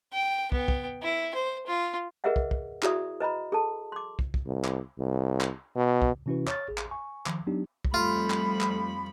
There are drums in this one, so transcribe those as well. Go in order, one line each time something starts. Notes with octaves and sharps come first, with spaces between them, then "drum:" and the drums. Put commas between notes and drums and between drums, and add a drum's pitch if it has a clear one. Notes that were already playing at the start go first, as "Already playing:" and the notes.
G5
B3 G5, drum: kick
drum: kick
E4
C5
F4
G#4 A#4 B4 D#5 E5 F#5
drum: kick
drum: kick
E4 F#4 G#4 D5 E5 D#6, drum: clap
B4 D#5 A#5 B5
G#4 A4 A5
C6 D6
drum: kick
drum: kick
C2
drum: clap
C2
drum: clap
B2
drum: kick
C3 E3 C#4 E4 F#4 B4
C#5 C#6 F6 A6, drum: clap
A1 G#4
drum: clap
G#5 C#6
D#3 F3, drum: clap
F#3 B3 D4 D#4 G4
drum: kick
F2 F3 G3 A3 F4 B5
drum: clap
drum: clap